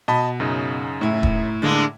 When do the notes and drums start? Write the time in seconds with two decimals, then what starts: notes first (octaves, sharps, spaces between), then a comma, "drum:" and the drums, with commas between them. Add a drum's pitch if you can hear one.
0.08 B2 D#5 A5 B5
0.40 F#2 C#3 D#4
1.01 A2 E4
1.23 drum: kick D#1
1.62 D3 G#3 A#3